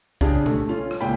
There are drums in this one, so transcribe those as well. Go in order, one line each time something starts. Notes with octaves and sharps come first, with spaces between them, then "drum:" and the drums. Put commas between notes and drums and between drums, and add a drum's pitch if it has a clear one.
C#3 D4 G4 G#4, drum: kick B1
A3, drum: tom
C#4 F4
drum: rim click
C#2 A#2 G5 B5